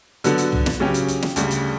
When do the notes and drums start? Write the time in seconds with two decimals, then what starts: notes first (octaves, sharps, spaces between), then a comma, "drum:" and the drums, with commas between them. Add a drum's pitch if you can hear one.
0.24 D3 F#3 B3 F#4 A4, drum: hi-hat
0.38 drum: hi-hat
0.52 drum: tom
0.66 drum: snare
0.80 C#3 F#3 C#4 G4
0.94 drum: hi-hat
1.08 drum: hi-hat
1.22 drum: snare
1.36 D2 C#3 G3, drum: hi-hat
1.51 drum: hi-hat